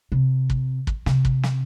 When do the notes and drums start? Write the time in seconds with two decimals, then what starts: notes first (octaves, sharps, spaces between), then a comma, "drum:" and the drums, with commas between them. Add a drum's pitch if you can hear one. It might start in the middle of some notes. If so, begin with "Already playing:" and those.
0.12 C3
0.50 drum: kick
0.87 drum: kick
1.06 C3, drum: snare
1.25 drum: kick
1.43 drum: snare